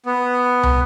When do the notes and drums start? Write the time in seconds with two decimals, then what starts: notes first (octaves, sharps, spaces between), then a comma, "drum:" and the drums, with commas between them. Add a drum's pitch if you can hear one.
0.06 B3
0.63 drum: tom